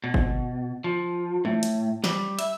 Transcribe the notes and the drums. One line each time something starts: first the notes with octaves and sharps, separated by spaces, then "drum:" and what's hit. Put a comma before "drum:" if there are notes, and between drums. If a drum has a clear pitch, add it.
B2
drum: kick G1
F3
A2, drum: tom E3
drum: hi-hat
G3, drum: snare
E5, drum: hi-hat